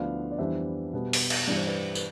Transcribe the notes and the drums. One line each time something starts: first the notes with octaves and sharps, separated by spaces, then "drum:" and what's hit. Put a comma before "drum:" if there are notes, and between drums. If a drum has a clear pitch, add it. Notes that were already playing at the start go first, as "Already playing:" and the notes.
Already playing: D2 D3 F3 B3 E4 D5 F5
D5
F2 E3 G3 B3 D4 C5 E5
B2 G3 B3
drum: open hi-hat
drum: cymbal
G2 E3 G3 D5
C5
B4 D5
B4, drum: tambourine